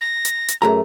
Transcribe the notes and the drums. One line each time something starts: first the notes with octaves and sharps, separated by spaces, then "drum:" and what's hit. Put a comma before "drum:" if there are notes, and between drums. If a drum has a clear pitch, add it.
A#6
drum: hi-hat
drum: hi-hat
F#2 A3 F#4 G#4 A#4 A#5